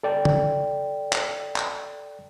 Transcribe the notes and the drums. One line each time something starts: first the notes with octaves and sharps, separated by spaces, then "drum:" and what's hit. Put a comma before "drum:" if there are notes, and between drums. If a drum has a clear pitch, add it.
A4 D5 G5
drum: tom
drum: clap
drum: clap